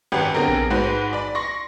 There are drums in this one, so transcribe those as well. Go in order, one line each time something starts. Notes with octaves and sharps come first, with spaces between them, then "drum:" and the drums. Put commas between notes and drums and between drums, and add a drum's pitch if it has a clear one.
G#1 F#2 G4 B4 F#5
D3 B3 C4 G4 G#4 A#4
drum: kick A#1
G#2 G#3 F#4 B4 C5 B5
D5 B5
C6 C#6 A#6